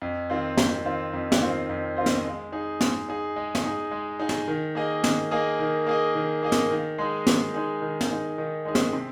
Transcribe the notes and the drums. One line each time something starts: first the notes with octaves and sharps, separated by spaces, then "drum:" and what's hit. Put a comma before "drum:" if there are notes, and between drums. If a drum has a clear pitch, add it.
F2
D#3 C4 F4 C5
F2, drum: snare
D#3 C4 F4 C5
F2
drum: snare
D#3 C4 F4 C5
F2
D#3 C4 F4 C5
drum: snare
G#3
D#4 G#4
G#3, drum: snare
D#4 G#4
G#3
drum: snare
D#4 G#4
G#3
D#4 G#4
drum: snare
D#3
A#3 G#4 D#5
D#3, drum: snare
A#3 G#4 D#5
D#3
A#3 G#4 D#5
D#3
A#3 G#4 D#5
drum: snare
D#3
G#3 D#4 G#4
D#3, drum: snare
G#3 D#4 G#4
D#3
drum: snare
G#3 D#4 G#4
D#3
G#3 D#4 G#4
drum: snare
C3